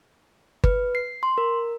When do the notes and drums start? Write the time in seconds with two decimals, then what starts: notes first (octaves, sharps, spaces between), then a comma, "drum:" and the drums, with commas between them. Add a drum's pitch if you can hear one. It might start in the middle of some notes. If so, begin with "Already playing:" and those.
0.64 B4, drum: kick G1
0.95 C7
1.23 C6
1.38 A#4